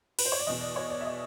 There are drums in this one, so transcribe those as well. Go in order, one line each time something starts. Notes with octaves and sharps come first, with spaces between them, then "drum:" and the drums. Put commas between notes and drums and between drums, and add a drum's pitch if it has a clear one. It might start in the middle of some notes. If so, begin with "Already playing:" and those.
B4, drum: cymbal
C5
C#5
D5
E2 B2 D#5
D5
C#5
D5
E5
D#5